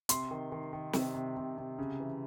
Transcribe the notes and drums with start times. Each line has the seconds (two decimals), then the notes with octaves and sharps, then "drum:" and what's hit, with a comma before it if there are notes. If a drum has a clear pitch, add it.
0.09 C3 C6, drum: hi-hat
0.31 D#3
0.52 D#3
0.73 D#3
0.93 C3, drum: snare
1.15 C3
1.37 C3
1.58 C3
1.79 C#3
2.00 E3